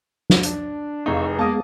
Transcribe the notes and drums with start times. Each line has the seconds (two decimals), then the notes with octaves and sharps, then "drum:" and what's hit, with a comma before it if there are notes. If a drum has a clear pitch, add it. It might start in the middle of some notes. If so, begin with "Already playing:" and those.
0.30 drum: snare
0.43 D4, drum: hi-hat
1.06 F1 E3 D#4 G#4 F5 C#6 E6
1.39 G#3 A#3 B3 G#4 A5 D#6